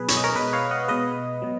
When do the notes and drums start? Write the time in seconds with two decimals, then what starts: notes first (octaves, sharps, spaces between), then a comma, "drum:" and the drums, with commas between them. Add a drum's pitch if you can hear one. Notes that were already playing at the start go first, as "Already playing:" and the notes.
Already playing: B2 F#3 G#4 B4
0.08 C#5, drum: hi-hat
0.16 D#5
0.24 A#4 C#5
0.35 B2 G#3 B4 D#5
0.53 C#5 F5
0.71 D#5 F#5
0.88 B2 G#3 B4 D#5
1.42 B2 F#3